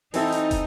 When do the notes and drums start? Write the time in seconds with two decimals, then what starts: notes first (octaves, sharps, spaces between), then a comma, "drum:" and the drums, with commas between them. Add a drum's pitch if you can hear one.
0.14 E3 C4 D#4 E4 A4, drum: open hi-hat
0.32 drum: hi-hat
0.51 drum: kick, hi-hat